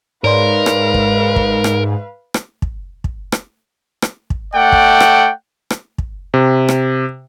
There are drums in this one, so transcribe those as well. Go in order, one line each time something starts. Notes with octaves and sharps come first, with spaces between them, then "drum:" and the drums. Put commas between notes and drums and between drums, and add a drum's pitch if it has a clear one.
G#2 A#4 B4 C#5 D5 F5 C6
drum: rim click
drum: kick
drum: kick
drum: rim click
drum: rim click
drum: kick
drum: kick
drum: rim click
drum: rim click
drum: kick
A3 D5 F#5 G5
drum: kick
drum: rim click
drum: rim click
drum: kick
C3
drum: rim click